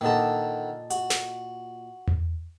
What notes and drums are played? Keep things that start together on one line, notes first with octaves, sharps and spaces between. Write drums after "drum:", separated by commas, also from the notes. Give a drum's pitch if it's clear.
A#2 D3 D#3 D#5 A5
F#4, drum: hi-hat
drum: snare
drum: tom E2